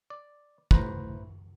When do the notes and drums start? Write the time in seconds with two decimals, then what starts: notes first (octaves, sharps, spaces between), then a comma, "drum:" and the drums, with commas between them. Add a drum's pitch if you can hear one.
0.10 D5
0.71 A1 A2 E4 B4 C5 A#5, drum: kick